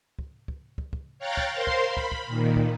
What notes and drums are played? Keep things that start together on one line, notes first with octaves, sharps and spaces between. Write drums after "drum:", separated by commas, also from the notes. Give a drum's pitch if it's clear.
drum: kick
drum: kick
drum: kick
drum: kick
C#5 F5 G5 A#5 F#6 A6
drum: kick
A#4 C5 F5 C6
drum: kick
B5
drum: kick
drum: kick
A#2 D#3
drum: kick